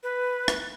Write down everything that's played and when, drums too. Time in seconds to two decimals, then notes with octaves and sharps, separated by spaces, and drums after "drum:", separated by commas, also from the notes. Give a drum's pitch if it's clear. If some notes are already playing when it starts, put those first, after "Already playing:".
0.03 B4
0.48 drum: rim click